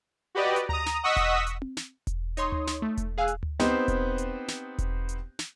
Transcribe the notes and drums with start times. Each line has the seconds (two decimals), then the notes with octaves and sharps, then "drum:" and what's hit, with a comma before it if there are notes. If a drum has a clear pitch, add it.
0.35 F#4 G4 B4 D5 D#5
0.56 drum: hi-hat
0.69 A#5 D#6, drum: tom D2
0.86 drum: snare
1.03 D#5 F#5 C#6 D#6 E6 B6
1.16 drum: kick E1, hi-hat
1.47 drum: hi-hat
1.62 drum: tom C4
1.77 drum: snare
2.07 drum: kick E1, hi-hat
2.37 D#4 C#5 C6 D#6, drum: hi-hat
2.52 drum: tom D2
2.67 drum: snare
2.82 A3
2.97 drum: kick E1, hi-hat
3.18 G#4 F5 G#5 E6 F#6
3.28 drum: hi-hat
3.43 drum: tom D2
3.60 B3 C4 D#4 G4 C5, drum: snare
3.88 drum: kick E1, hi-hat
4.18 drum: hi-hat
4.48 drum: snare
4.78 drum: kick E1, hi-hat
5.09 drum: hi-hat
5.39 drum: snare